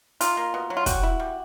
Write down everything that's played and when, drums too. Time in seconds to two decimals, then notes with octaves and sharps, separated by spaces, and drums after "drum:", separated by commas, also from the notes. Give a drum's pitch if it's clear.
0.21 D#4 F4, drum: hi-hat
0.37 A#3
0.54 B2
0.70 F#3
0.77 F4
0.86 G3 F#4, drum: kick, hi-hat
1.03 E4
1.20 G3